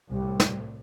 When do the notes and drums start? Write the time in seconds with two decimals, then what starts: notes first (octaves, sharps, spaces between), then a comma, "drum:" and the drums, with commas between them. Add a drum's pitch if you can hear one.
0.10 C2 A2 G3
0.40 drum: snare